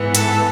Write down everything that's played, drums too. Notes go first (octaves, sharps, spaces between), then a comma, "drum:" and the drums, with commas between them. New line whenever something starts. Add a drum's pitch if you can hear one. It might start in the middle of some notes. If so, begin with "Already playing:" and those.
Already playing: G#2 E3 B3
A4, drum: hi-hat